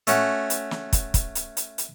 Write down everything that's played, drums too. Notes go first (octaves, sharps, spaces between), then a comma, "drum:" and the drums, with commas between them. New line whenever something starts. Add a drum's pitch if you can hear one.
A3 C#4 F#4, drum: hi-hat
drum: hi-hat
drum: snare
drum: kick, hi-hat
drum: kick, hi-hat
drum: hi-hat
drum: hi-hat
drum: hi-hat